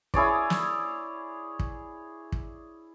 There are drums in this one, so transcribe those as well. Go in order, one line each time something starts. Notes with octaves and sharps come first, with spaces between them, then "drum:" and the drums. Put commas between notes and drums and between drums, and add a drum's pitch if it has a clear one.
E4 G#4 C#5 D5, drum: kick
drum: snare
drum: kick
drum: kick